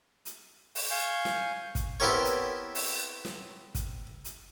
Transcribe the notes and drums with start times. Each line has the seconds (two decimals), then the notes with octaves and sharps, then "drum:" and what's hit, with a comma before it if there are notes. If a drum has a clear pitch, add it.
0.25 drum: hi-hat
0.75 drum: open hi-hat
0.90 F5 G#5 C#6 G6
1.25 drum: snare
1.75 drum: kick, hi-hat
2.00 B3 C4 E4 G4 A#4 C#5
2.25 drum: hi-hat
2.75 drum: open hi-hat
3.25 drum: snare
3.75 drum: kick, hi-hat
4.24 drum: hi-hat